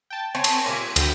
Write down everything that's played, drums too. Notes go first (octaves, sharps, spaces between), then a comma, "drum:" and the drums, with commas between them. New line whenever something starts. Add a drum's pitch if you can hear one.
G5 A5
C4 C#5 G#5 A5 C#6
drum: cymbal
A#2 G3 G#5
D2 F#3 G5 B5, drum: cymbal